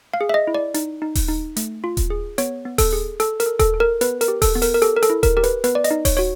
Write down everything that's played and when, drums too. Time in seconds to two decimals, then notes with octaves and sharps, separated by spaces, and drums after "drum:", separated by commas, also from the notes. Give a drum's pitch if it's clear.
0.14 F5
0.21 G#4
0.29 E5
0.34 D#5
0.47 E4
0.55 D5
0.74 D#4, drum: hi-hat
1.02 D#4
1.15 drum: kick D#1, open hi-hat
1.28 D#4
1.57 A3, drum: hi-hat
1.84 F4
1.97 drum: kick D#1, hi-hat
2.10 G#4
2.38 B3 C#5, drum: hi-hat
2.66 B3
2.78 A4, drum: kick D#1, open hi-hat
2.93 G#4
3.20 A4, drum: hi-hat
3.40 A#4, drum: hi-hat
3.46 A4
3.59 A4, drum: kick D#1, hi-hat
3.74 A4
3.80 A#4
4.01 B3 B4, drum: hi-hat
4.21 A#4, drum: hi-hat
4.28 G4
4.42 A4, drum: kick D#1, open hi-hat
4.55 B3
4.62 A#4, drum: open hi-hat
4.74 A#4
4.82 G4 A4, drum: hi-hat
4.96 A#4
5.03 A4, drum: hi-hat
5.10 E4
5.23 A#4, drum: kick D#1, hi-hat
5.37 G4 A#4
5.44 B4, drum: hi-hat
5.64 B3 B4, drum: hi-hat
5.75 D5
5.84 D#5, drum: hi-hat
5.91 D#4
6.05 C#5, drum: kick D#1, open hi-hat
6.17 F#4 C#5